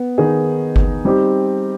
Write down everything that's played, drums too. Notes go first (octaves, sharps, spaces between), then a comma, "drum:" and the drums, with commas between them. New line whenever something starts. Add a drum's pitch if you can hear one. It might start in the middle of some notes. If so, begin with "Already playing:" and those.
Already playing: B3
D#3 B3 D#4 G#4
drum: kick G1
G3 C4 D#4 G4